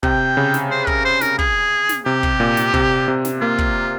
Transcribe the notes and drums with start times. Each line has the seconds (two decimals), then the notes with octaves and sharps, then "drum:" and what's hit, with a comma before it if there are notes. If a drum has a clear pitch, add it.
0.03 C3 G5, drum: kick
0.37 C#3
0.54 drum: snare
0.71 C5
0.87 A#4, drum: kick
1.05 C5
1.21 A#4, drum: snare
1.39 G#4, drum: kick
1.89 drum: snare
2.06 C3 G4
2.23 drum: kick
2.40 A#2
2.57 drum: snare
2.74 C3, drum: kick
3.08 C3
3.25 drum: snare
3.41 A#3 F4
3.58 drum: kick